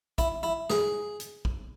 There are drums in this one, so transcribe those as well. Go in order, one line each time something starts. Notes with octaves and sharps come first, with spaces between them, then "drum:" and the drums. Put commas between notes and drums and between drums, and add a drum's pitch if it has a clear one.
E4, drum: kick, hi-hat
E4
G#4, drum: snare
drum: hi-hat
drum: kick